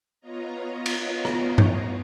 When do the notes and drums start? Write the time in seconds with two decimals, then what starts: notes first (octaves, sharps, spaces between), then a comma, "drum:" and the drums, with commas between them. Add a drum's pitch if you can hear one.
0.21 B3 F4 C#5 D#5 A#5
0.86 drum: cymbal
1.25 drum: rim click
1.58 drum: tom G2